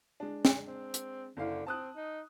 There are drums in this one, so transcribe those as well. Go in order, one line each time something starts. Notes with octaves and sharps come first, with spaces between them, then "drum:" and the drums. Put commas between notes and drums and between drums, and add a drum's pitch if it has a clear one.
G#3 D4
drum: snare
C4
drum: hi-hat
F#1 D3 E4 F5
C4 A5 D#6 F#6
D#4